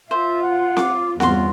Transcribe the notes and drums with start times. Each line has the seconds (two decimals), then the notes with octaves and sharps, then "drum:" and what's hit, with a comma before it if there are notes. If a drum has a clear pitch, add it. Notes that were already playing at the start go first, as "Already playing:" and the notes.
0.11 F4 C5 E5
0.42 F#5
0.77 D6, drum: snare C4
1.20 E2 G2 F4 F#4 C6, drum: snare C4